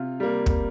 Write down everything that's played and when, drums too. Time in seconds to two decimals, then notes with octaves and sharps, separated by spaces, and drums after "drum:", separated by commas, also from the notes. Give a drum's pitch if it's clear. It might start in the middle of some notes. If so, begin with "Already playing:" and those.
Already playing: C3 F4
0.20 G3 A#3
0.46 drum: kick